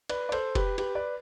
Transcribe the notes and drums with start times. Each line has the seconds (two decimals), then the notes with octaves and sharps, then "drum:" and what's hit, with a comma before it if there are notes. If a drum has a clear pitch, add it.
0.09 B4 D5, drum: cymbal
0.29 D5
0.32 A4 C5, drum: cymbal
0.55 G4 B4, drum: kick F1, cymbal
0.78 G4 B4, drum: cymbal
0.95 B4 D5